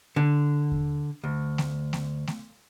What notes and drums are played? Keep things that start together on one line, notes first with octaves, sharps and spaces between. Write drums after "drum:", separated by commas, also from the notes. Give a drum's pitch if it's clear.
D3
drum: kick D#2
D2
drum: snare A3
drum: snare A3
drum: snare A3